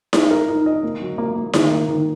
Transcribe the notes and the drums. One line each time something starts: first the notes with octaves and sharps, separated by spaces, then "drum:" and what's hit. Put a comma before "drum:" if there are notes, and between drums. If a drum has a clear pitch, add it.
D#4, drum: snare E4
A#4
D#4
D#5
A#3
F#3
A#3
A#3
D#3, drum: snare E4
A#3
D#3